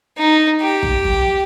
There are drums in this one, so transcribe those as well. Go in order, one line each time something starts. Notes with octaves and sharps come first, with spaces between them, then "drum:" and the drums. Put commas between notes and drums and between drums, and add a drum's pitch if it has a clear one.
D#4
G4
drum: kick
drum: tom